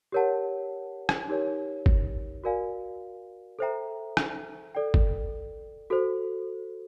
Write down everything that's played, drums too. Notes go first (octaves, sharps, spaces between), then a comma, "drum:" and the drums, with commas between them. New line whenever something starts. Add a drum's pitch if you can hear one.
G4 A#4 C#5 F#5 A5
drum: rim click
D#4 G4 A#4 C#5
drum: kick
F#4 A#4 D5 F5 G#5
A4 C5 E5 G5 A#5
drum: rim click
A4 D5 G5
drum: kick
F#4 A4 C5